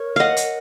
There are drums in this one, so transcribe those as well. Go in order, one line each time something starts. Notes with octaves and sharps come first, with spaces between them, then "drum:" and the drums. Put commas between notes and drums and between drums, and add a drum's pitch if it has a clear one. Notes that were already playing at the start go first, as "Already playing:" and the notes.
Already playing: A#4 C#5
D#5 F5 F#5
drum: hi-hat